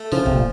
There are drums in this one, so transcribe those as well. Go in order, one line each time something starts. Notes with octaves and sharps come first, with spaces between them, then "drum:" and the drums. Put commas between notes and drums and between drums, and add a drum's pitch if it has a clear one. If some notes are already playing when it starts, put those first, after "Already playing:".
Already playing: A3
C#3 F3
C3, drum: kick
A#2